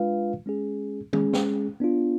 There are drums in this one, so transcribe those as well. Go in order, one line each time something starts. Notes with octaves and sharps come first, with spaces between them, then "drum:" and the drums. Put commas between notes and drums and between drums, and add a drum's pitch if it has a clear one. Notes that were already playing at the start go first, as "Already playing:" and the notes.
Already playing: G#3 D4 F4 B4 F5
G#3 C#4 G#4
G#3 C#4 G#4, drum: tom D#3
drum: snare
B3 D4 F4